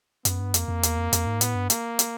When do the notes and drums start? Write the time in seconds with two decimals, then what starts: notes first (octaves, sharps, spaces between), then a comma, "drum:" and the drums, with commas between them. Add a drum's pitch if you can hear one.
0.25 F#2 B3, drum: hi-hat
0.40 G2
0.54 F2 A#3, drum: hi-hat
0.68 F2
0.83 E2, drum: hi-hat
0.98 F2
1.13 F2, drum: hi-hat
1.27 G#2
1.41 A2 B3, drum: hi-hat
1.55 G2
1.70 A#3, drum: hi-hat
1.99 drum: hi-hat